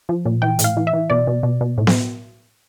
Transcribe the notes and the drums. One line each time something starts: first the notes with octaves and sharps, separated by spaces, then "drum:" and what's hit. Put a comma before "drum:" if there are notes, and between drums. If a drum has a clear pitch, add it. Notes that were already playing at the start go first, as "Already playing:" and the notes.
F3
A#2
E3 G5
A2, drum: hi-hat
F5
E3
E5
E3
B2 D5
B2
B2
B2
A2
drum: snare B3